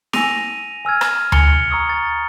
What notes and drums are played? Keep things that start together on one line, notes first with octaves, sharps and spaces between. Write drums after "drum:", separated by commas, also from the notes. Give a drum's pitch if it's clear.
G#5 E6 A#6 D#7 F7, drum: snare
G#5 E6 F6 G#6
drum: rim click
G#5 A6 C#7 F7 G7, drum: tom D2
A#5 C#6 D#6 E6 G#6
A6